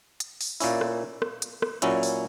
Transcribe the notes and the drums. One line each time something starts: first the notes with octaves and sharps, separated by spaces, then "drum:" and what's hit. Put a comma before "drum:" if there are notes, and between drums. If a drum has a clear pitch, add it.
drum: hi-hat
drum: open hi-hat
A#2 A#3 C#4 E4, drum: open hi-hat
drum: rim click
drum: rim click
drum: hi-hat
drum: rim click
A#2 F#3 C#4 E4, drum: hi-hat
drum: open hi-hat